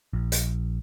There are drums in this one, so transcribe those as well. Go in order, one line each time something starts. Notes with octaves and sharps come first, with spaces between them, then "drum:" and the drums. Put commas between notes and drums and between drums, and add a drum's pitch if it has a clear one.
A#1
drum: hi-hat